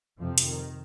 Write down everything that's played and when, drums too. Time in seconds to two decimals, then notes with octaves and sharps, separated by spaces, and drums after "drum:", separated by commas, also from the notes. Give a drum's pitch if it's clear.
0.19 F2 C3 F3
0.38 drum: hi-hat
0.47 D#3